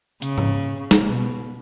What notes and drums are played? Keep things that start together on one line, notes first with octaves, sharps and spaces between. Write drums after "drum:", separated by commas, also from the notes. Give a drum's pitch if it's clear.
C#3, drum: hi-hat
drum: tom G#2
drum: snare
B2